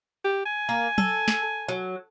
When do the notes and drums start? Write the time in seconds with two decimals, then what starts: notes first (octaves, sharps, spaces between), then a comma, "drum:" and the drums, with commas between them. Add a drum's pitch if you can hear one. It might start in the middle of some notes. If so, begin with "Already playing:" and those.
0.25 G4
0.46 G#5
0.69 A#3
0.98 A4, drum: tom
1.28 drum: snare
1.68 F#3